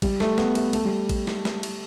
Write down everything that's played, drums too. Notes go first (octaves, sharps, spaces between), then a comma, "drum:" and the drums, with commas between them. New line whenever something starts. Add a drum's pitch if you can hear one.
G3, drum: kick A1, cymbal
A3, drum: snare
B3, drum: snare
A3, drum: cymbal
A3, drum: cymbal
G3
drum: kick A1, cymbal
drum: snare
drum: snare
drum: cymbal